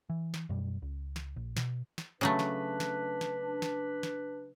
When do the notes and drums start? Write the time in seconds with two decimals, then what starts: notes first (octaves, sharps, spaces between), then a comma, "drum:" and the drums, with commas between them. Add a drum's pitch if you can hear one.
0.10 E3
0.34 drum: snare
0.49 F#2 B2 G3
0.82 C#2
1.16 drum: snare
1.36 A#1
1.56 B2, drum: snare
1.98 drum: snare
2.21 C#3 F#3 A3 D4 B4
2.39 drum: snare
2.80 drum: snare
3.21 drum: snare
3.62 drum: snare
4.03 drum: snare